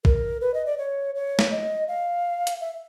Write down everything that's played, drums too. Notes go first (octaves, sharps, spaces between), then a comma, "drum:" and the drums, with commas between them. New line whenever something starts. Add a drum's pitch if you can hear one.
A#4, drum: kick
B4
D#5
D5
C#5
C#5
drum: snare
D#5
F5
drum: hi-hat
E5